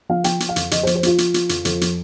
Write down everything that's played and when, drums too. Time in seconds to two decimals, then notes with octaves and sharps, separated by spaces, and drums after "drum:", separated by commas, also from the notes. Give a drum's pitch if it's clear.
0.09 F3 F5
0.24 F3 G5, drum: hi-hat
0.40 F3, drum: hi-hat
0.49 F5
0.56 F2, drum: hi-hat
0.71 F2 D#5, drum: hi-hat
0.83 C5
0.87 F3, drum: hi-hat
0.95 C5
1.03 F3 F4, drum: hi-hat
1.18 F3, drum: hi-hat
1.34 F3, drum: hi-hat
1.49 F2, drum: hi-hat
1.65 F2, drum: hi-hat
1.81 F3, drum: hi-hat